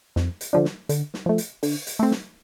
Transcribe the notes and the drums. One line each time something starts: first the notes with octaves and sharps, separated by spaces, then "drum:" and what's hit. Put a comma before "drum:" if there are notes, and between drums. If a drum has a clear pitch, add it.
F2, drum: snare
drum: hi-hat
D3 F3 D4
drum: snare
D3, drum: hi-hat
drum: snare
F3 A3
drum: hi-hat
D3, drum: open hi-hat
drum: hi-hat
A3 C4
drum: snare